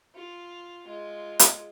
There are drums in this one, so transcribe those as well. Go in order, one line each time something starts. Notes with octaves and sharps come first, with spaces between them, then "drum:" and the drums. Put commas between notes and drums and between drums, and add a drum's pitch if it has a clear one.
F4
G#3 F4
drum: hi-hat